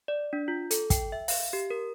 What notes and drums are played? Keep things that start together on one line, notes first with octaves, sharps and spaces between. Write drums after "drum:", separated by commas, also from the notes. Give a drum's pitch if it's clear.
D5
D4
F4
A4, drum: hi-hat
G5, drum: kick, hi-hat
E5
F5, drum: open hi-hat
G4
A#4